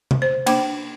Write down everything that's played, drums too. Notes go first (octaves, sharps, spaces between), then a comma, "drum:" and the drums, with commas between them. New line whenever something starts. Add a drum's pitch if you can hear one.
drum: tom C3
C5
A#3 D4 C5 D6, drum: cymbal